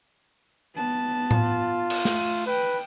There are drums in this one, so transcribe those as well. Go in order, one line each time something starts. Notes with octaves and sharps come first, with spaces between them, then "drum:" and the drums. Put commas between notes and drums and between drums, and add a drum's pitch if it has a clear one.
B3 A5
F4, drum: tom A2
drum: cymbal
A3, drum: snare
B4 G5